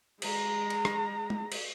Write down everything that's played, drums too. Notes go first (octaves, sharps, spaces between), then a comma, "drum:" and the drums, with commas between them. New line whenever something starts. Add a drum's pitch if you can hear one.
G#3 A#5, drum: cymbal
drum: cymbal
drum: rim click
drum: tom G#3
drum: cymbal